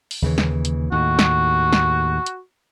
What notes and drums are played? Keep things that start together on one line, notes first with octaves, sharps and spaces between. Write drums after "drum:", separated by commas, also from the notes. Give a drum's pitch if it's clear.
drum: open hi-hat
D#2 C#3 E3
drum: snare
drum: hi-hat
D#2 A2 F#4
drum: snare
drum: snare
drum: hi-hat